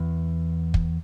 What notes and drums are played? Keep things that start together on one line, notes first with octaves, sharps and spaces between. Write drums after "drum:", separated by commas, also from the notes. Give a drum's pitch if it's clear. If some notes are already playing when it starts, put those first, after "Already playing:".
Already playing: E2
drum: kick